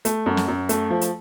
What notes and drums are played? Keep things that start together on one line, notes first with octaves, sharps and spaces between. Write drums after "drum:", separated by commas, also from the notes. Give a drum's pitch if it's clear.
A3, drum: hi-hat
F#2
drum: snare
F#2
A3, drum: hi-hat
F3
drum: hi-hat